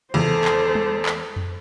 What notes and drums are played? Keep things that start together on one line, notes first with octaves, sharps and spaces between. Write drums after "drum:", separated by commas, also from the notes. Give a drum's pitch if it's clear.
E2 A4 C5, drum: tom C3
drum: clap
drum: tom G3
drum: clap
drum: tom F2